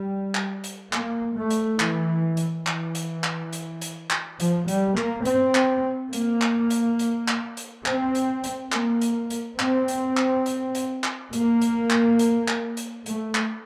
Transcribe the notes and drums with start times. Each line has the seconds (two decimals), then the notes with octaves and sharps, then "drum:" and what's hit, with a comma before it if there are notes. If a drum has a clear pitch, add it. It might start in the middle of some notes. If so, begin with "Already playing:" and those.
Already playing: G3
0.35 drum: clap
0.64 drum: hi-hat
0.93 A#3, drum: clap
1.35 A3
1.50 drum: hi-hat
1.80 E3, drum: clap
2.37 drum: hi-hat
2.67 E3, drum: clap
2.95 drum: hi-hat
3.24 drum: clap
3.53 drum: hi-hat
3.81 drum: hi-hat
4.10 drum: clap
4.40 F3, drum: hi-hat
4.68 G3, drum: hi-hat
4.97 A#3, drum: clap
5.25 C4, drum: hi-hat
5.55 drum: clap
6.13 A#3, drum: hi-hat
6.41 drum: clap
6.70 drum: hi-hat
6.99 drum: hi-hat
7.28 drum: clap
7.57 drum: hi-hat
7.86 C4, drum: clap
8.15 drum: hi-hat
8.44 drum: hi-hat
8.72 A#3, drum: clap
9.01 drum: hi-hat
9.30 drum: hi-hat
9.59 C4, drum: clap
9.88 drum: hi-hat
10.17 drum: clap
10.46 drum: hi-hat
10.75 drum: hi-hat
11.04 drum: clap
11.33 A#3, drum: hi-hat
11.61 drum: hi-hat
11.90 drum: clap
12.19 drum: hi-hat
12.48 drum: clap
12.77 drum: hi-hat
13.06 A3, drum: hi-hat
13.35 drum: clap